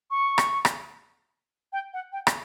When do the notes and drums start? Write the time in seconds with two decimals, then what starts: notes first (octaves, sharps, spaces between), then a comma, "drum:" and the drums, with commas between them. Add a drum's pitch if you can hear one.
0.11 C#6
0.38 drum: rim click
0.65 drum: rim click
1.73 G5
1.93 F#5
2.13 G5
2.27 drum: rim click